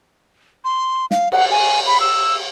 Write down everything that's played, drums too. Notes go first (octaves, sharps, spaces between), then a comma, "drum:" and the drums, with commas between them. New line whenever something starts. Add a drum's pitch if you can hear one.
C6
F5, drum: snare
F#5, drum: cymbal
G#5
B5
E6